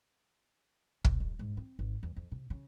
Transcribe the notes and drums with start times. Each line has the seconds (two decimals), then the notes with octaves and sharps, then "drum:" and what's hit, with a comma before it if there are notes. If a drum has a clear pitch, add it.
1.05 B2, drum: kick
1.20 F2
1.39 G#2
1.57 C4
1.79 G#1
2.03 E2
2.16 F2
2.32 C3
2.50 C#3